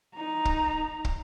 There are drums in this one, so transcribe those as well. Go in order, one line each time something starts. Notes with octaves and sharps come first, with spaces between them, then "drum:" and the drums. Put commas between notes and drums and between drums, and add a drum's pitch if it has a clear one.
D#4 A#5
drum: kick
drum: kick